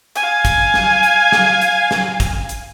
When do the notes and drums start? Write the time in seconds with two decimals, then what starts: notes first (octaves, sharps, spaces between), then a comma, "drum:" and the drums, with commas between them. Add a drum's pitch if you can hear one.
0.15 F5 G#5, drum: hi-hat
0.45 drum: kick, hi-hat
0.74 drum: snare
1.03 drum: hi-hat
1.32 drum: snare
1.62 drum: hi-hat
1.91 drum: snare
2.20 drum: kick, hi-hat
2.49 drum: hi-hat